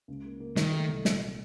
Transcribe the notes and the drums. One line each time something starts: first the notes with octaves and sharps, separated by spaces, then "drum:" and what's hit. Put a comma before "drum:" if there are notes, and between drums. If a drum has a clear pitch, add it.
C#2
A#3
A#3
D#3 D#4, drum: snare
A3
C2
A#2, drum: snare